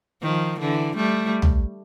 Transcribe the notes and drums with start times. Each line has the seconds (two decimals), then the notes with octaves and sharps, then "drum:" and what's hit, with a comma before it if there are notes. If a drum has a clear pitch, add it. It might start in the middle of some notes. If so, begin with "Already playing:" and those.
0.22 D#3 F3
0.59 D3 E3
0.96 G3 A3
1.42 drum: tom